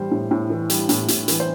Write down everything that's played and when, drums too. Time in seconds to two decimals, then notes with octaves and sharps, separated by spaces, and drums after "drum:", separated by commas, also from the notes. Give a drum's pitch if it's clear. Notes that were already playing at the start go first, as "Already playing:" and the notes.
Already playing: A2 E3 G3 C5
0.11 A2
0.31 A2
0.50 E3
0.70 G3, drum: hi-hat
0.89 A2, drum: hi-hat
1.08 A2, drum: hi-hat
1.28 E3, drum: hi-hat
1.40 C5